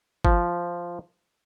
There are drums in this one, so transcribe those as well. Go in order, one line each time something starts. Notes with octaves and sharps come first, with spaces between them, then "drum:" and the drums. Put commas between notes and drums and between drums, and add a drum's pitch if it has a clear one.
F3, drum: kick G1